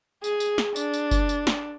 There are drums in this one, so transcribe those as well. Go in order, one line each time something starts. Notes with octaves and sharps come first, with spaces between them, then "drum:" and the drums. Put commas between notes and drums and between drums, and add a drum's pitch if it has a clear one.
G#4, drum: tambourine
drum: tambourine
drum: snare
D4, drum: tambourine
drum: tambourine
drum: kick F#1, tambourine
drum: tambourine
drum: snare